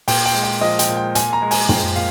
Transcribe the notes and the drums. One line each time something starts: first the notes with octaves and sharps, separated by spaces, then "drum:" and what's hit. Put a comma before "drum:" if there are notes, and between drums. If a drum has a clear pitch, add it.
A#2 G5, drum: open hi-hat
G5
G#3
G5
F3 D#5
G5, drum: hi-hat
A#2
G5
A#2 G#5, drum: hi-hat
A#5
G#3
G#5, drum: open hi-hat
F3 G5, drum: tom
A#2 F5